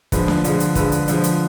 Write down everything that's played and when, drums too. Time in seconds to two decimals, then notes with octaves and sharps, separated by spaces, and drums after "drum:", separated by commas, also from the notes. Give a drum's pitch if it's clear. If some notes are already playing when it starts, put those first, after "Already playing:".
0.12 D3 F3 G#3 B4, drum: kick, hi-hat
0.28 drum: snare D4
0.44 D3 F3 G#3, drum: hi-hat
0.60 drum: hi-hat
0.75 D3 F3 G#3 B4, drum: kick, hi-hat
0.92 drum: hi-hat
1.08 D3 F3 G#3, drum: hi-hat
1.24 drum: hi-hat